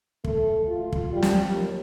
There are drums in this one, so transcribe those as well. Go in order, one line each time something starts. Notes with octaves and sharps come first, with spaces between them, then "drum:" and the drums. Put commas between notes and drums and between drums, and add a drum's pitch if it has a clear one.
A3, drum: kick
F4
drum: kick
G3
drum: snare
D#2